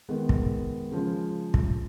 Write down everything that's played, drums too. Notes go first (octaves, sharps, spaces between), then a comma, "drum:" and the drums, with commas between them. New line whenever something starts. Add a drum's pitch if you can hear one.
D#3 G#3 B3
drum: kick
C#3 F3 G#3
drum: kick